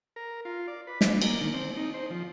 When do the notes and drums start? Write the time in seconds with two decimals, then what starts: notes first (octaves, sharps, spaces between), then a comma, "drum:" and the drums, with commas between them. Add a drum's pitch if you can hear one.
0.16 A#4
0.45 F4
0.68 D5
0.87 B4
1.01 D4, drum: snare
1.22 A#3, drum: cymbal
1.41 D#3
1.54 C4
1.77 D#4
1.94 C5
2.10 F3